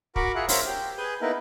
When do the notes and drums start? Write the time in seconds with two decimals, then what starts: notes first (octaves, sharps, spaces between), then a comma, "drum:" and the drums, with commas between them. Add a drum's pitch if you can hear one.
0.16 F#4 A#4 A#5 B5 C#6 D6, drum: kick
0.35 F4 G#4 E5 F#5
0.49 A#4 C5 C#5 E5 F5 C6, drum: open hi-hat
0.66 G4
0.98 G#4 B4 G#5 G6
1.21 A#3 B3 D#4 E4 A#4 B4